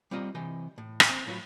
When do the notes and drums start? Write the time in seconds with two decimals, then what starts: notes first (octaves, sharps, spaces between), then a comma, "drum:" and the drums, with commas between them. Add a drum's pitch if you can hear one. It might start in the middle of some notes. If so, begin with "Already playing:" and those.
0.11 G3 C4 F4 D#5 A#5
0.35 C3 E3 D#5 G5
0.78 A2
1.00 drum: rim click
1.10 C4
1.27 A2 F#3 F4 B4